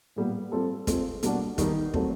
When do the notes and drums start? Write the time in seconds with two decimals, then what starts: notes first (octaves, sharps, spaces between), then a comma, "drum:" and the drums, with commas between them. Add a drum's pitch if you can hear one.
0.16 A#2 G3 B3
0.52 G3 C4 F4 A4
0.87 G#3 C4 F4 A4, drum: kick, hi-hat
1.23 B2 G3 A#3 D4 F#4, drum: hi-hat
1.58 D#3 G3 B3 D#4, drum: kick, hi-hat
1.94 F#3 A3 C4, drum: kick